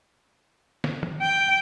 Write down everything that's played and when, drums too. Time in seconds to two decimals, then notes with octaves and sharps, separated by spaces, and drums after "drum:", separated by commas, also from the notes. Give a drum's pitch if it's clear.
0.84 drum: snare
1.03 drum: tom
1.22 G5